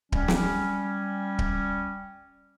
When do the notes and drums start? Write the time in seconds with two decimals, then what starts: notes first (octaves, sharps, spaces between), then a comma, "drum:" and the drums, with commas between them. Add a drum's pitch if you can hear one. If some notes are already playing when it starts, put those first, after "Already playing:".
0.12 G3 C#4, drum: kick D1
0.28 drum: snare
1.39 drum: kick D1